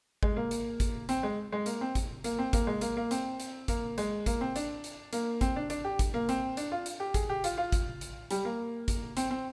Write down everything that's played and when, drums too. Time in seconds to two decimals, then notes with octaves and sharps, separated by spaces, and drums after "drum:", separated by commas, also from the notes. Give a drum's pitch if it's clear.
0.23 G#3, drum: kick
0.37 A#3
0.51 drum: hi-hat
0.80 drum: kick, hi-hat
1.09 C4, drum: hi-hat
1.23 G#3
1.52 G#3
1.66 A#3, drum: hi-hat
1.81 C4
1.95 drum: kick, hi-hat
2.24 A#3, drum: hi-hat
2.39 C4
2.53 A#3, drum: kick, hi-hat
2.67 G#3
2.81 A#3, drum: hi-hat
2.97 A#3
3.11 C4, drum: hi-hat
3.40 drum: hi-hat
3.68 A#3, drum: kick, hi-hat
3.98 G#3, drum: hi-hat
4.26 A#3, drum: kick, hi-hat
4.41 C4
4.56 D4, drum: hi-hat
4.84 drum: hi-hat
5.13 A#3, drum: hi-hat
5.41 C4, drum: kick, hi-hat
5.56 D4
5.70 D4, drum: hi-hat
5.84 G4
5.99 drum: kick, hi-hat
6.14 A#3
6.29 C4, drum: hi-hat
6.57 D4, drum: hi-hat
6.72 F4
6.86 drum: hi-hat
7.00 G4
7.14 G#4, drum: kick, hi-hat
7.29 G4
7.44 F4, drum: hi-hat
7.58 F4
7.72 drum: kick, hi-hat
8.01 drum: hi-hat
8.31 G3, drum: hi-hat
8.45 A#3
8.88 drum: kick, hi-hat
9.17 C4, drum: hi-hat
9.31 C4